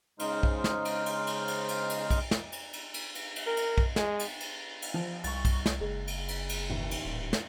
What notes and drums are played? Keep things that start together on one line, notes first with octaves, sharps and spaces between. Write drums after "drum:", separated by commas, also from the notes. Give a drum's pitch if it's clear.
C#3 G#3 D#4 C5 F6, drum: cymbal
drum: kick B1
drum: snare
drum: cymbal
drum: cymbal
drum: cymbal
drum: cymbal
drum: cymbal
drum: cymbal
drum: kick B1, cymbal
drum: snare
drum: cymbal
drum: cymbal
drum: cymbal
drum: cymbal
drum: cymbal
A#4
drum: cymbal
drum: kick B1
G#3, drum: snare
drum: cymbal
drum: cymbal
drum: cymbal
F3
C2 C#6 A6, drum: cymbal
drum: kick B1, cymbal
drum: snare
F#1 G#3
drum: cymbal
drum: cymbal
drum: cymbal
A1 D#2
drum: cymbal
D#1
drum: snare